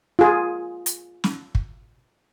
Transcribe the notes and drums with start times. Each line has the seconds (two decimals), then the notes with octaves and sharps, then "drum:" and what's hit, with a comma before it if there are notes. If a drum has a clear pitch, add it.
0.19 F4 G#4
0.86 drum: hi-hat
1.24 drum: snare
1.55 drum: kick